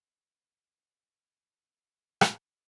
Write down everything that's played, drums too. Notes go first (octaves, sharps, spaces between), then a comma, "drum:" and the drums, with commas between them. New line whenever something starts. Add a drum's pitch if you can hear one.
A#3 D#4 B4 C5
drum: rim click